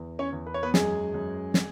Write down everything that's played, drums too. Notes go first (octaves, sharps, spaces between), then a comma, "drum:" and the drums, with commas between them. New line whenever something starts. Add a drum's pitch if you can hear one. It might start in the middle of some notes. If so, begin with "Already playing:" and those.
Already playing: E2
C#4 C#5
E2
B4
C#5
B3 B4
F#2 G#3 G#4, drum: snare
F#2
drum: snare